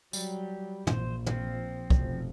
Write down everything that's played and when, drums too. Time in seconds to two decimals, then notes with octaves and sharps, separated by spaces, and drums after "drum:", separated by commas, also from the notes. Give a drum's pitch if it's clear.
0.13 F#3 G3, drum: tambourine
0.87 A#1 C5, drum: tom
1.26 F3 C4, drum: tom
1.90 F1 B2, drum: kick